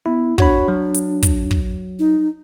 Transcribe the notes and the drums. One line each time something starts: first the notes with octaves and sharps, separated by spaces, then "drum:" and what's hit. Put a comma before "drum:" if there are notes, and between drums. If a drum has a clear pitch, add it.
B3 E4
D4 F#4 C#5 B5, drum: kick
F#3
drum: hi-hat
drum: kick, hi-hat
drum: kick
D#4